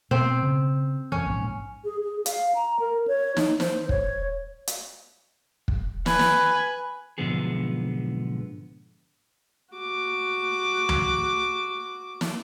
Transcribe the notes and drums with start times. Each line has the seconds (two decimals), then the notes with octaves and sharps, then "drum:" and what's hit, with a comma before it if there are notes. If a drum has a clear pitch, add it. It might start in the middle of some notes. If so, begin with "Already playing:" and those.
0.11 B2 B3 C4
0.43 C#3
1.12 E1 B1 E3 C#4
1.26 A#1 G#2
1.85 G#4
2.03 G#4
2.26 F5, drum: hi-hat
2.55 A#5
2.80 A#4
3.08 C#5
3.37 D#4, drum: snare
3.60 C5, drum: snare
3.89 C#5, drum: kick
4.67 drum: hi-hat
5.68 drum: kick
6.06 B4 G#5, drum: snare
6.19 drum: snare
7.18 B1 G#2 D3 F3 B3 G#4
9.74 F#4 D6
10.89 drum: tom
12.21 drum: snare